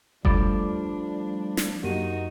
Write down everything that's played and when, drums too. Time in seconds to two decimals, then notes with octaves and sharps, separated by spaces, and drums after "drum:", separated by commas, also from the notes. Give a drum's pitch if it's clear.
0.25 F3 G3 A3 D4 A4 D5 B5, drum: kick F#1
1.57 drum: snare
1.83 F#2 A#3 D#4 F#4 G4 D#7